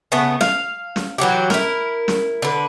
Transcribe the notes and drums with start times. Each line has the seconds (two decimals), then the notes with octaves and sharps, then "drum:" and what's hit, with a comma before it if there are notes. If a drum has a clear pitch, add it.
0.12 C#3 A3 B3
0.41 F5, drum: snare
0.96 drum: snare
1.18 E3 F#3 F#4 G4
1.50 E4 A#4, drum: snare
2.08 drum: snare
2.42 D3 B4